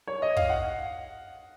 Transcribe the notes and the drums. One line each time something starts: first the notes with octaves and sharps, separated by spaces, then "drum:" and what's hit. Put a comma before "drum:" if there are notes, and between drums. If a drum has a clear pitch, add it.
C#5
D#5
F5, drum: kick
F#5